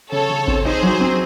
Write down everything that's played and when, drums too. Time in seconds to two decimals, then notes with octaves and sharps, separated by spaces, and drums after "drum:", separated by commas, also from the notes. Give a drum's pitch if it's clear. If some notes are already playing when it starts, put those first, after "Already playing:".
0.11 C#3 A4 C#5
0.30 C#3
0.47 C4, drum: kick
0.65 D#4 G#4 C5
0.83 F#3
1.01 C4